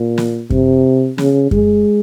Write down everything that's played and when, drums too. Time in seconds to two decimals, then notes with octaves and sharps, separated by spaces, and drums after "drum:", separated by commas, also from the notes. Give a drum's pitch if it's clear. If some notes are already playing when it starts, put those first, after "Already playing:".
Already playing: A#2
0.18 drum: snare
0.50 C3, drum: kick F#2
1.18 C#3, drum: snare
1.51 G#3, drum: kick F#2